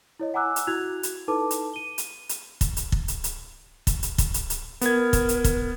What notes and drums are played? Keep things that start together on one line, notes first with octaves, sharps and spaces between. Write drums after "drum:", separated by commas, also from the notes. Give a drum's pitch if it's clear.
E4 C#5 D#5
F#5 G#5 A#5 D6 E6 F#6
drum: hi-hat
E4 F#4 F#6 G#6 F7
drum: hi-hat
D#4 E4 A4 B4 A5 D6
drum: hi-hat
D#7 G7
drum: hi-hat
drum: hi-hat
drum: kick, hi-hat
drum: hi-hat
drum: kick
drum: hi-hat
drum: hi-hat
drum: kick, hi-hat
drum: hi-hat
drum: kick, hi-hat
drum: hi-hat
drum: hi-hat
B3 A#4 G#6, drum: hi-hat
drum: kick, hi-hat
drum: hi-hat
drum: kick, hi-hat